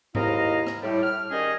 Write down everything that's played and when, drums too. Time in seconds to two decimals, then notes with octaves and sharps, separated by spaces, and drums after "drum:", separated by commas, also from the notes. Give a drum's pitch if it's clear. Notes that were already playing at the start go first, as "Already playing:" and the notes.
0.15 D#2 G#2 E4 D#5 F5 A#5, drum: tom G#2
0.67 drum: rim click
0.82 A2 G3
1.02 F6
1.31 D#3 G3 C#4 D#4 G#4 D#5